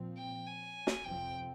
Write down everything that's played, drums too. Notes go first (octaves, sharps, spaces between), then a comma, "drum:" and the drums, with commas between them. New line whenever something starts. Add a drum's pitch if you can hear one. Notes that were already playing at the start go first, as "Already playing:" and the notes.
Already playing: A#2 F3 C4
G5
G#5
drum: snare
F2 C3 F3 C4 G5